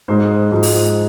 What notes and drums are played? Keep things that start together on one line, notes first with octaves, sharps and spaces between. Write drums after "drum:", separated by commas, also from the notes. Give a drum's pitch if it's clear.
G#2 G#3 C5
G#2 F3 G#3
drum: open hi-hat